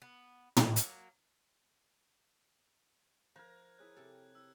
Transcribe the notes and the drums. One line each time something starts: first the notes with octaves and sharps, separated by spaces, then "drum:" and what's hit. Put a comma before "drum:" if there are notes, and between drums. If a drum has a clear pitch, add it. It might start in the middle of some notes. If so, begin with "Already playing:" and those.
B3
drum: tom
F#3 A#3, drum: hi-hat
F3 A#4 C5 A#5 F#6 G#6
E4 G#4 C#5 F#6
C3 G4 A4
E4 E6